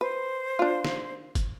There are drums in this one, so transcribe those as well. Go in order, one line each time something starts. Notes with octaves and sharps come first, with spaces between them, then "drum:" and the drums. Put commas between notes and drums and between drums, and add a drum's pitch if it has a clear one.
B4 C5
D4 F4
drum: snare
drum: kick, hi-hat